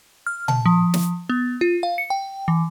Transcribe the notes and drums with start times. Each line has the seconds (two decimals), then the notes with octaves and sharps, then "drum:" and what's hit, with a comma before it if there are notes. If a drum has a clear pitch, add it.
0.27 F6
0.48 A5, drum: tom A#2
0.66 F3
0.94 drum: snare
1.30 B3
1.61 F4
1.83 F5
1.98 C#7
2.10 G5
2.48 E3